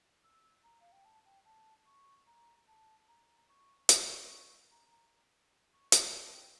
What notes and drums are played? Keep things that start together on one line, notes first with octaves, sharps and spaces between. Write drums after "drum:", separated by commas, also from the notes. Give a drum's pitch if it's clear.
E6
A#5
F5
G5
A5
G5
A5
C#6
A#5
A5
A#5
C#6
C#6, drum: hi-hat
A#5
A#5
C#6
A5, drum: hi-hat
A5
G5